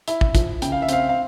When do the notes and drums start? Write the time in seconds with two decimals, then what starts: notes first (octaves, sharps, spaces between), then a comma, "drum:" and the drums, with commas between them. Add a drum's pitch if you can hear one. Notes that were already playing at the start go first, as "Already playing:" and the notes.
0.08 E4 E5, drum: hi-hat
0.21 drum: kick
0.35 F3, drum: kick, hi-hat
0.62 C#3 G5, drum: hi-hat
0.72 F5
0.82 E5
0.89 C4 F5, drum: hi-hat
1.09 F5